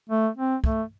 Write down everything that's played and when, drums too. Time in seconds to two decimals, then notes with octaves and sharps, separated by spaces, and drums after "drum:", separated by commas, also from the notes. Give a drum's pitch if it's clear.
0.10 A3
0.37 C4
0.64 A3, drum: kick